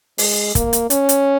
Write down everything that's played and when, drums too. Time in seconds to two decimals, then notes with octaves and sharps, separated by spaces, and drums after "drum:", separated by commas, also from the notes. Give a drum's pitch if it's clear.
0.18 G#3, drum: open hi-hat
0.55 A#3, drum: kick, hi-hat
0.73 drum: hi-hat
0.90 C#4, drum: hi-hat
1.09 drum: hi-hat